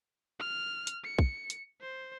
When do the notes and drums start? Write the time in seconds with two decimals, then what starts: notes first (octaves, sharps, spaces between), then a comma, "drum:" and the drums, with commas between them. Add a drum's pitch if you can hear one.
0.40 F6
0.87 drum: hi-hat
1.05 C#7
1.19 drum: kick
1.50 drum: hi-hat
1.81 C5